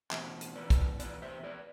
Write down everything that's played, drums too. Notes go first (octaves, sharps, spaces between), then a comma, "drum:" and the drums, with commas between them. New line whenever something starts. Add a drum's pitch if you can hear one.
E2 B2 C4, drum: clap
drum: hi-hat
B4 D5
drum: kick, hi-hat
B4 D5, drum: hi-hat
C5 E5
B4 D5